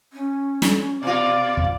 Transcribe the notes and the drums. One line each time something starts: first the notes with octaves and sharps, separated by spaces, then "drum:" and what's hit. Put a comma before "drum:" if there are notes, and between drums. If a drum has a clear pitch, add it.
C#4
drum: snare
B2 F4 D5 F5
drum: kick